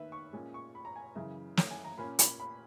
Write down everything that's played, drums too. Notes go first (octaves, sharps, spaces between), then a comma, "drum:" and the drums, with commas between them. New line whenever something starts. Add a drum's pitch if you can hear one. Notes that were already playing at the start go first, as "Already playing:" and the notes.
Already playing: D#3 A#3 B4 E5
C#6
A#2 G#3 C#4
C#6
B5
A#5
G#5
F#2 C#3 E3 G#3 E5
C#5, drum: snare
G#5
A#5
A#2 A#3 C#4 B5
B5, drum: hi-hat
B5